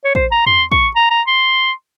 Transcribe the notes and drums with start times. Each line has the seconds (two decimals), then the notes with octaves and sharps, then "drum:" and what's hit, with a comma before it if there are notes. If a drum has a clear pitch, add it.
0.04 C#5
0.15 C5, drum: kick
0.31 A#5
0.47 C6, drum: tom
0.72 C#6, drum: kick
0.95 A#5
1.11 A#5
1.27 C6